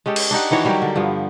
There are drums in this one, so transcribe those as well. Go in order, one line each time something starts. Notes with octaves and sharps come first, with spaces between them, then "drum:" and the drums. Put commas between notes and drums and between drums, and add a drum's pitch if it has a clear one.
G#3 C#4 G4 A4
drum: cymbal
D4 D#4 G4 F#5
D#3 E3 F#4 C#5
F#3 G3 G4 A#4
D3
G2 F3 B3